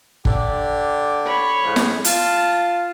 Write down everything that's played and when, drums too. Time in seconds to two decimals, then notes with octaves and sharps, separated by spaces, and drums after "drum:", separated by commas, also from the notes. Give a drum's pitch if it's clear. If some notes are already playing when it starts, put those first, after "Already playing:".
0.25 D3 G4 D5, drum: kick G1
1.25 C#5 B5
1.64 A2 F3 G#3
1.76 drum: snare
2.05 F4 A5, drum: hi-hat